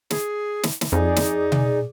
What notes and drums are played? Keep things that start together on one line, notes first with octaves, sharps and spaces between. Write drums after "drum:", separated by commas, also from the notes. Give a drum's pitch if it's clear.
G#4, drum: snare
drum: snare
drum: snare
F2 D#4 G#4 D5
drum: snare
drum: tom B2